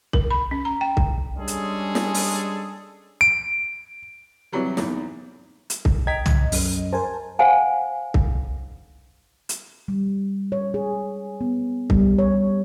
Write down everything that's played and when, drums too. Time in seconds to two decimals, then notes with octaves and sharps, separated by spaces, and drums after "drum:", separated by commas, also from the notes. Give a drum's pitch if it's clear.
0.13 A#4, drum: kick C2
0.31 B5
0.51 C#4
0.65 A#5
0.81 G5
0.97 drum: kick C2
1.37 G3 G#3 C#4 D4 G#4 A4
1.48 drum: hi-hat
1.95 drum: snare
2.14 drum: open hi-hat
3.21 D7
4.52 C3 E3 F#3 G3
4.77 E2 G#2, drum: snare
5.70 drum: hi-hat
5.85 drum: kick C2
6.07 D#5 G5 A#5 G#6 B6
6.26 drum: tom
6.52 F#2, drum: open hi-hat
6.93 A#4 C5 G#5 A5
7.39 C5 F5 F#5 G#5
8.14 drum: kick C2
9.49 drum: hi-hat
9.88 G3
10.52 C#5
10.74 G#4
11.41 B3
11.90 G3, drum: kick C2
12.18 C#5